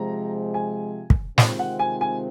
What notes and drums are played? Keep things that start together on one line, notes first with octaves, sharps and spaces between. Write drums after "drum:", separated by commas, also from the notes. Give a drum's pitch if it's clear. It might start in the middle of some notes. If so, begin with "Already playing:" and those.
Already playing: C3 F3 G#3 A#5
G#5
drum: kick
C3 D#3 G#3 C4 F4, drum: snare
F#5
G#5
G#5